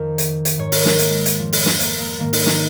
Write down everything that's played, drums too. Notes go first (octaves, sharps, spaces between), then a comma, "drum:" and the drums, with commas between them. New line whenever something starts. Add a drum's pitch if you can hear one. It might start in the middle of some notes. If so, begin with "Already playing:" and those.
Already playing: F2 D#3 A#4
drum: hi-hat
drum: hi-hat
G#2 D#3 C#5
A#4, drum: open hi-hat
G#3, drum: snare
A#3, drum: hi-hat
drum: hi-hat
F2 F3
drum: open hi-hat
drum: snare
A#3, drum: hi-hat
A#3
G#2 D#3 A#3
D#4, drum: open hi-hat
D#4, drum: snare